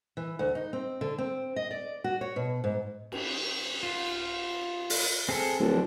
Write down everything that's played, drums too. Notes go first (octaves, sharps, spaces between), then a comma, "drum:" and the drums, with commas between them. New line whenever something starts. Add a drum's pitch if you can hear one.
E3
D2
D#4
C4
D3
C4
D#5
D5
F#4
C#5
B2
G#2
drum: cymbal
F4
drum: open hi-hat
C4 G#4 A4
D1 F3 D4